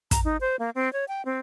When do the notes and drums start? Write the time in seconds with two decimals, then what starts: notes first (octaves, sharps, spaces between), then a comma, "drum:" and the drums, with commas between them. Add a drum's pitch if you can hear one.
0.11 A#5, drum: kick, hi-hat
0.24 D#4
0.41 C5
0.59 A#3
0.75 C4
0.93 C#5
1.08 G5
1.25 C4